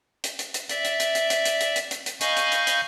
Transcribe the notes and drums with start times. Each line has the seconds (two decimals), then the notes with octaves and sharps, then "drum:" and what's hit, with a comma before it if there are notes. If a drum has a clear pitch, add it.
0.24 drum: hi-hat
0.39 drum: hi-hat
0.54 drum: hi-hat
0.69 D5 E5, drum: hi-hat
0.84 drum: hi-hat
1.00 drum: hi-hat
1.15 drum: hi-hat
1.30 drum: hi-hat
1.45 drum: hi-hat
1.60 drum: hi-hat
1.76 drum: hi-hat
1.91 drum: hi-hat
2.06 drum: hi-hat
2.21 D#5 F5 G#5 B5 C#6 G6, drum: hi-hat
2.36 drum: hi-hat
2.52 drum: hi-hat
2.67 drum: hi-hat